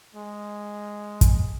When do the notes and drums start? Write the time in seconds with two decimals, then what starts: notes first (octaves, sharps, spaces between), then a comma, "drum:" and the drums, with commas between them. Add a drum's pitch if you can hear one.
0.15 G#3
1.21 drum: kick, hi-hat